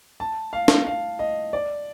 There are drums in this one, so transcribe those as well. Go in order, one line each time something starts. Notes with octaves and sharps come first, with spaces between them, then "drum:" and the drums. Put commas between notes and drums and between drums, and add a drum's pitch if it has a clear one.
A5
F5
drum: snare
F5
D#5
D5